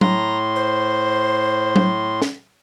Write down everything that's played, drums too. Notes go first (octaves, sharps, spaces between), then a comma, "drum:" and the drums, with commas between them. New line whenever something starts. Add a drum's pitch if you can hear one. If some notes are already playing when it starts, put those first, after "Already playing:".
A2 A#5 C6, drum: tom F#3
C5
drum: tom F#3
drum: snare